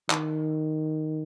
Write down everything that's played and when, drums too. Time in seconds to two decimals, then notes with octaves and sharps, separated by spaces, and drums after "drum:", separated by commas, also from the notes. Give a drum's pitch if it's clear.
0.10 D#3, drum: clap